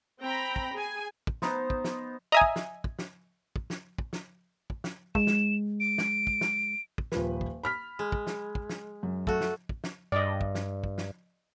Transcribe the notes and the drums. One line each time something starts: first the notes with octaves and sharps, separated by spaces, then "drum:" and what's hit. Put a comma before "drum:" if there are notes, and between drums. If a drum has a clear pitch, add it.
C4 G5 A#5 B5
drum: kick
G#4 G#5
drum: kick
B3 D#4 C5, drum: snare
drum: kick
drum: snare
D#5 E5 G#5 A#5 D#6
drum: kick
drum: snare
drum: kick
drum: snare
drum: kick
drum: snare
drum: kick
drum: snare
drum: kick
drum: snare
G#3 E7, drum: kick
drum: snare
D7
drum: snare
drum: kick
drum: snare
drum: kick
D#1 F3 B4, drum: snare
drum: kick
B5 F6 B6
G#3
drum: kick
drum: snare
drum: kick
drum: snare
F#2
A3 F#4, drum: kick
drum: snare
drum: kick
drum: snare
G2 D5 D#5
drum: kick
drum: snare
drum: kick
drum: snare